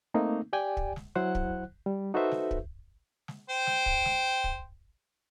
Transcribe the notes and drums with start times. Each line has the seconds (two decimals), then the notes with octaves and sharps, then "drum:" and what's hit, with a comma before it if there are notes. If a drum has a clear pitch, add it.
0.14 A3 A#3 C4 D#4
0.53 G4 D5 G5 G#5
0.77 drum: kick
0.96 drum: snare
1.15 F#3 E4 C5 F#5 F#6
1.35 drum: kick
1.86 G3
2.14 D#4 F#4 A4 B4 C5 E5
2.31 drum: snare
2.51 drum: kick
3.28 drum: snare
3.50 C5 G5
3.67 drum: snare
3.86 drum: kick
4.05 drum: snare
4.44 drum: kick